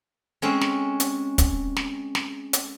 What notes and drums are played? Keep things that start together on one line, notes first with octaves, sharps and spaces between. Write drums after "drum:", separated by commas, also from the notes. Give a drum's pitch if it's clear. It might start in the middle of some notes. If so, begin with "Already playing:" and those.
G#3 C4 C#4
drum: snare
drum: hi-hat
drum: kick, hi-hat
drum: snare
drum: snare
drum: hi-hat